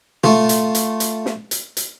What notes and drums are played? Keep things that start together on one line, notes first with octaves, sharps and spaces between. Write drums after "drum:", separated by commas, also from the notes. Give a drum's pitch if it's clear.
A3 F4, drum: tom
drum: hi-hat
drum: hi-hat
drum: hi-hat
drum: snare
drum: hi-hat
drum: hi-hat